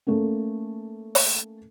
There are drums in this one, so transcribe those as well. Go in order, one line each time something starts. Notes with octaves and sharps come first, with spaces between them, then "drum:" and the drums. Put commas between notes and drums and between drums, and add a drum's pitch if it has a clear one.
A3 A#3 C#4
drum: open hi-hat